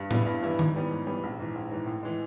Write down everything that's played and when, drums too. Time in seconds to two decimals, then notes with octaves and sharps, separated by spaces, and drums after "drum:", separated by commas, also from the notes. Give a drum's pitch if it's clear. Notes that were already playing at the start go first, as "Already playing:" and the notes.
Already playing: G2
0.11 E3 G3 B3 E4, drum: tom A2
0.26 G2
0.42 E3 G3 B3 E4
0.59 G#2, drum: tom D#3
0.74 E3 G3 B3
0.91 G#2
1.07 E3 G3 B3
1.23 A#1
1.39 G#2 E3
1.55 A#1
1.71 G#2 E3
1.86 A2
2.03 E3 G#3